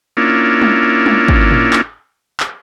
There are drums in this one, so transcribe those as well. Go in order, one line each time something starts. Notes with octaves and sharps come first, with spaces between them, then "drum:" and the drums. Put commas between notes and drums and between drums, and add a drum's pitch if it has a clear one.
A#3 C#4 D4 E4 F4
drum: tom
drum: tom
drum: kick
drum: tom A2
drum: clap
drum: clap